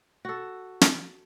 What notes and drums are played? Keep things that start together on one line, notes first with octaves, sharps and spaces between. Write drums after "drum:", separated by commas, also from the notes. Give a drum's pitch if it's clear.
F#4 A4
drum: snare